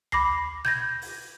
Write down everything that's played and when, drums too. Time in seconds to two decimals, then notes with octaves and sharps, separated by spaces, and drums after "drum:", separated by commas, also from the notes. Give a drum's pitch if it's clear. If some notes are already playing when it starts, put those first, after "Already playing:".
0.12 B5 D6 A#6 C7, drum: tom D2
0.65 G6 G#6 A#6, drum: snare
1.02 drum: open hi-hat